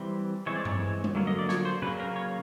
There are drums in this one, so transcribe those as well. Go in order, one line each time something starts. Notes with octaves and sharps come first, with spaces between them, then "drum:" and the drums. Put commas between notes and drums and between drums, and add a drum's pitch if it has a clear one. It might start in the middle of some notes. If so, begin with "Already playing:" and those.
Already playing: E3 G3 C4
E3 G#3 C4 C#5
D5
C#5, drum: tom G2
drum: tom G3
D3 F#3 A#3
D#5
D5
C#5, drum: snare
C5
C#3 F#3 A#3 B4
A#4
C#5